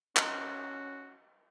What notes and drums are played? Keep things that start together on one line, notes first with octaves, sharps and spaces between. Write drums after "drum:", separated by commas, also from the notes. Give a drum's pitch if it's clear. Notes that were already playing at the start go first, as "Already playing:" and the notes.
C#4 F#4 D#5 A#5 C6, drum: clap